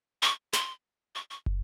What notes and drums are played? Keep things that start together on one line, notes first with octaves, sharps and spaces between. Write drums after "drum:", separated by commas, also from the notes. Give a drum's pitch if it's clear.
C#6
C6, drum: snare
C#6
C#6
drum: kick